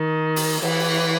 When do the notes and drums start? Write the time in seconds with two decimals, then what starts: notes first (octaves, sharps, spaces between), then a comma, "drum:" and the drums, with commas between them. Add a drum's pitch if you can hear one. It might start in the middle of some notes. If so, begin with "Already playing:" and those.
Already playing: D#3
0.36 drum: open hi-hat
0.62 E3, drum: cymbal